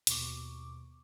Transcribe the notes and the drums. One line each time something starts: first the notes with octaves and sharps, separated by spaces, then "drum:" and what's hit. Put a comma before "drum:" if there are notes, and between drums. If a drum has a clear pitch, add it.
D#2 B2 C#6 D6, drum: hi-hat